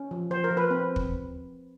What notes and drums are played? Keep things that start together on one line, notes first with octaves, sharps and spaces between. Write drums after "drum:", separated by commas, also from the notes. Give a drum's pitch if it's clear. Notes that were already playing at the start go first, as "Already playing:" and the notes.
Already playing: C#4
F3
F3 C5
A#4
F3
B4
C4
drum: kick